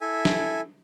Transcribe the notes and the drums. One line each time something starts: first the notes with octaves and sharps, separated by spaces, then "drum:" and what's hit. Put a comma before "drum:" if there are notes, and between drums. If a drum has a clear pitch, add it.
E4 A4 E5 G#5
drum: snare